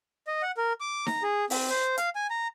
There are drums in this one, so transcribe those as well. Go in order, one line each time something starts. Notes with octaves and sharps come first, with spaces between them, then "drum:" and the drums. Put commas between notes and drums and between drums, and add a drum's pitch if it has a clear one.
D#5
F#5
A#4
D6
A#5, drum: snare D#4
G#4
C4, drum: open hi-hat
C5
F5, drum: hi-hat
G#5
A#5